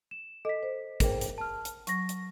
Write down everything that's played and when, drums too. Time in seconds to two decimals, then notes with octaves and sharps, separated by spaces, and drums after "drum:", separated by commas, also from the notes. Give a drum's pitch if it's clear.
0.11 E7
0.45 A4 D#5 B6
0.63 C5
1.00 G#4 A#4 C5 G5, drum: kick, hi-hat
1.21 drum: hi-hat
1.38 A5 F6
1.65 drum: hi-hat
1.87 F#3 C#6 A#6, drum: hi-hat
2.09 drum: hi-hat